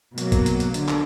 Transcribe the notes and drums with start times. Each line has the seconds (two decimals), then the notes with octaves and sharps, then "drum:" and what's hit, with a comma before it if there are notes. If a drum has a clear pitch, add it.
0.18 B2 F#3 A#3, drum: hi-hat
0.32 drum: kick A1, hi-hat
0.46 drum: hi-hat
0.60 drum: hi-hat
0.74 D3, drum: hi-hat
0.88 drum: clap